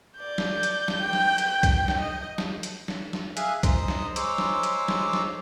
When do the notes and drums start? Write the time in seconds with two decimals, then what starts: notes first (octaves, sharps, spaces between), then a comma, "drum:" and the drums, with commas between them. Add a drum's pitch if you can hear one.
0.20 D5 G6
0.38 drum: snare
0.63 drum: hi-hat
0.88 drum: snare
1.02 G5
1.13 drum: snare
1.38 drum: hi-hat
1.49 G5
1.63 drum: kick, hi-hat
1.88 drum: snare
2.01 D#5
2.38 drum: snare
2.63 drum: hi-hat
2.88 drum: snare
3.13 drum: snare
3.37 G#4 E5 F5 G#5 F#6, drum: hi-hat
3.63 C5 D#5 A#5 D#6, drum: kick, hi-hat
3.88 drum: snare
4.16 G#3 C5 C#5 A#5 D6 E6, drum: hi-hat
4.38 drum: snare
4.63 drum: hi-hat
4.88 drum: snare
5.13 drum: snare